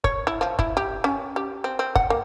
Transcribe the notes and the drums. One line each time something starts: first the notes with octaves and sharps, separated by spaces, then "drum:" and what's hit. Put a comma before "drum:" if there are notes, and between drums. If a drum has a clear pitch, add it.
C#5, drum: kick
E4
F3
E4, drum: kick
G4
C#4
G4
C4
C4
F#5, drum: kick
A#3